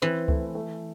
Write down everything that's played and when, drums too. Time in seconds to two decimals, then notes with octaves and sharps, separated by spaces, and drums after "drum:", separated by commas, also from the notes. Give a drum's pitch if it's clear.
0.02 E3 C4
0.28 A3, drum: kick C#2
0.55 A3